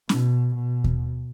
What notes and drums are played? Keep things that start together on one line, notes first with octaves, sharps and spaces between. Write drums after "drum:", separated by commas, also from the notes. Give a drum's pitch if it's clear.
B2, drum: snare
B2
drum: kick D#2